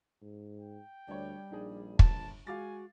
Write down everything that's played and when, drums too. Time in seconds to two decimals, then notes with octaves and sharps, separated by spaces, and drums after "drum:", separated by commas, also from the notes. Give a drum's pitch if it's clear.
0.22 G#2
0.60 G5
1.08 D2 G3 D4 C#5
1.51 A#1 D4 D#4 G#4
1.99 G1 A5, drum: kick
2.47 G#3 F#4 F5 G#5 D6 A6